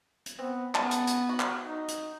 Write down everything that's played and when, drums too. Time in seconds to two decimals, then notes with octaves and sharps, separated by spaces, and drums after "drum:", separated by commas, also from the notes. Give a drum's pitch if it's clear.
0.26 drum: hi-hat
0.39 B3 C4
0.75 C#3 B3 A5, drum: clap
0.91 drum: hi-hat
1.07 drum: hi-hat
1.29 F#4
1.40 drum: clap
1.65 D#4
1.88 drum: hi-hat